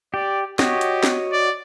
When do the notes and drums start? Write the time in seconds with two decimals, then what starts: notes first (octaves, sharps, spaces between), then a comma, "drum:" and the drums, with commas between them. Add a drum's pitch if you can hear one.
0.14 G4 D5
0.59 F#4 G4 C#5 D#5, drum: snare
0.81 drum: hi-hat
1.03 drum: snare
1.32 D5